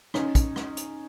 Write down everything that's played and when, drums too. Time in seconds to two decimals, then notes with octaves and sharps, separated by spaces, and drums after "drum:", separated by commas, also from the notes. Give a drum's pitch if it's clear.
0.14 C#4 D#4, drum: rim click
0.35 drum: kick, hi-hat
0.56 drum: rim click
0.77 drum: hi-hat